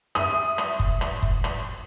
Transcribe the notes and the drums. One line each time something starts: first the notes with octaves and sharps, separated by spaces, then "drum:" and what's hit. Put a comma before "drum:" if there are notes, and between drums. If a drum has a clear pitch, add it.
E5 D#6, drum: rim click
drum: rim click
drum: kick F#1
drum: rim click
drum: kick F#1
drum: rim click